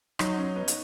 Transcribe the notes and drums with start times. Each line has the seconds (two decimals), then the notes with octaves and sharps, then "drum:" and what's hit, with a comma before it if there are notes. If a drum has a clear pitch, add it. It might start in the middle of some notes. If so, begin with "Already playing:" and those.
0.19 F#3 D#4, drum: rim click
0.37 C#4
0.56 B3
0.68 drum: hi-hat